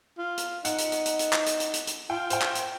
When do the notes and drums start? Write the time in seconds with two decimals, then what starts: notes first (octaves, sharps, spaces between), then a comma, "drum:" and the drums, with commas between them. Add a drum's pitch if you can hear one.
0.18 F4
0.38 drum: hi-hat
0.65 D#4 F#5, drum: hi-hat
0.78 drum: hi-hat
0.92 drum: hi-hat
1.06 drum: hi-hat
1.19 drum: hi-hat
1.33 drum: clap
1.46 drum: hi-hat
1.60 drum: hi-hat
1.74 drum: hi-hat
1.87 drum: hi-hat
2.10 F4 G5
2.30 C5 G5, drum: hi-hat
2.42 drum: clap
2.55 drum: hi-hat